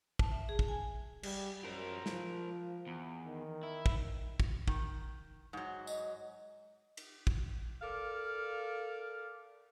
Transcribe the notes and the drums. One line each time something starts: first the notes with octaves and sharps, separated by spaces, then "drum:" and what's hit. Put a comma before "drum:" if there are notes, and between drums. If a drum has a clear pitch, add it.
A5, drum: kick
E5
G#4
drum: kick
G#5
G3, drum: cymbal
F#2 A#4 C5
F3, drum: snare
E2
D#3
E4
drum: kick
drum: kick
D#3, drum: kick
G#2 F#3
D#5, drum: tambourine
drum: cymbal
drum: kick
A4 A#4 D5 F5